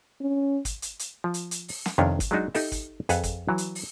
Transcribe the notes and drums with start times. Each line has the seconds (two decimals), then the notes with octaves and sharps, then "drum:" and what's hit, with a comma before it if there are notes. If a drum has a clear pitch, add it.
0.21 C#4
0.65 drum: kick, hi-hat
0.82 drum: hi-hat
0.99 drum: hi-hat
1.24 F3
1.34 drum: hi-hat
1.51 drum: hi-hat
1.68 drum: open hi-hat
1.86 drum: snare
1.98 F2 C3 D#3 C#4 D4 C#5
2.20 drum: kick, hi-hat
2.31 F#3 G#3 D4 D#4 F#4
2.55 D#4 G4 A4 E5, drum: open hi-hat
2.72 drum: kick, hi-hat
3.09 F2 G#4 A4 B4 F5 F#5, drum: hi-hat
3.23 drum: kick, hi-hat
3.49 E3 F#3
3.58 drum: hi-hat
3.75 drum: open hi-hat